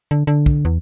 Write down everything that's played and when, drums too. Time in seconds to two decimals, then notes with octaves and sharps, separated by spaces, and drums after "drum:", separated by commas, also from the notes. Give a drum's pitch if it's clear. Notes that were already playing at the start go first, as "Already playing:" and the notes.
0.11 D3
0.27 D3
0.46 drum: kick
0.65 E2